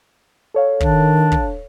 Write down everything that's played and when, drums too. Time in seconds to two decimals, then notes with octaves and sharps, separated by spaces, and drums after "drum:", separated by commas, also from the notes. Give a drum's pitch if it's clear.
0.54 A4 C#5 F5
0.80 D#3 D4, drum: kick
1.32 drum: kick